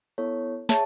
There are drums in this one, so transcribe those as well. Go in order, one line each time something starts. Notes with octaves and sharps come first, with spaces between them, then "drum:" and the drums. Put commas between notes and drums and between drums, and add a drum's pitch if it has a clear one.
B3 E4 A4 C#5
G#4 C#5 E5 A5, drum: snare